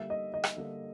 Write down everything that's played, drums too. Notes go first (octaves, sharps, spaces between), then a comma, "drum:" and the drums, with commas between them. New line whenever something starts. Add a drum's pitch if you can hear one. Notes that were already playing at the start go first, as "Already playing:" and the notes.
Already playing: D3 G3 A#3 E5
D#5
D#5
drum: rim click
D3 G3 A#3